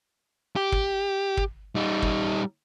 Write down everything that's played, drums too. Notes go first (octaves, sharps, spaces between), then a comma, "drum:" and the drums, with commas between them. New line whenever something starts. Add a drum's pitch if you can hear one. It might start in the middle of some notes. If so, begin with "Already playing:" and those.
G4
drum: kick
drum: kick
G3 D#4
drum: kick